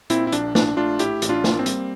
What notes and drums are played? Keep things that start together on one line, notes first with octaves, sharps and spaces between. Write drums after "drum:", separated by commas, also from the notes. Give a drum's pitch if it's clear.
A#2 C4 E4, drum: hi-hat
E4
A#1 D4, drum: hi-hat
A#1 D4, drum: snare
A3 D4 F4
A2 E4 G4, drum: hi-hat
A1, drum: hi-hat
D4 F4
A#3, drum: snare
C4
G3, drum: hi-hat